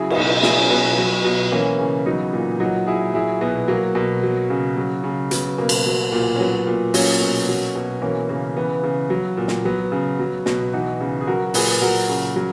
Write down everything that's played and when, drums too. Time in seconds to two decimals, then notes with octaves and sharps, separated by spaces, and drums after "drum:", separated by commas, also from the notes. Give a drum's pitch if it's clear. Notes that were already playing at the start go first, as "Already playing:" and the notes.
Already playing: C#3 F#3 E4 G#4
0.10 G#4, drum: cymbal
0.16 B2 D#4 F#4
0.43 F#3 E4 G#4, drum: snare
0.57 C#4 E4
0.70 B2 B3
0.84 B3
0.98 F#3
1.24 B2
1.51 E3 A#3 C#4
1.79 C#3
2.06 F#3 B3 D#4
2.33 A#2
2.60 F#3 D#4 F#4
2.87 A#2 E4 G#4
3.14 F#3 E4 G#4
3.41 B2 B3
3.68 F#3 A#3
3.95 B2
4.23 F#3
4.50 C#3
4.77 F#3
5.04 C#3
5.31 F#3 B3, drum: hi-hat
5.58 B2 A#3
5.69 drum: cymbal
5.86 F#3
6.12 A#2
6.36 C#4
6.40 F#3 B3
6.67 A#2
6.94 F#3 A#3 C#4, drum: open hi-hat
7.20 B2
7.48 F#3
7.75 B2
8.02 E3 A#3 C#4
8.29 C#3 A#3
8.57 E3 B3
8.83 C#3
9.10 F#3
9.37 A#2
9.48 drum: snare
9.65 F#3 B3
9.92 C#3
10.20 F#3
10.46 B2, drum: snare
10.73 E3 D#4 F#4
11.01 C#3
11.21 G#4
11.27 F#3 F#4 A#4
11.54 A#2 G#4 B4, drum: open hi-hat
11.81 F#3 F#4 A#4
12.09 C#3
12.36 F#3